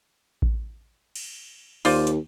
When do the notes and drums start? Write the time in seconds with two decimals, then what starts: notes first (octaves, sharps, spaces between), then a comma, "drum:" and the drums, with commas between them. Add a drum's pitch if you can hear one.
0.42 drum: kick A1
1.15 drum: cymbal
1.85 D#2 F4 C5 D5, drum: open hi-hat
2.07 drum: hi-hat